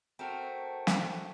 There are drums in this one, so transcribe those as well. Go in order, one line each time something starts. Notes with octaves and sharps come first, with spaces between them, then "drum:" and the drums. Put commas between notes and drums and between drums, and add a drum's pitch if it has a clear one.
A3 C4 F#4 A#4
drum: snare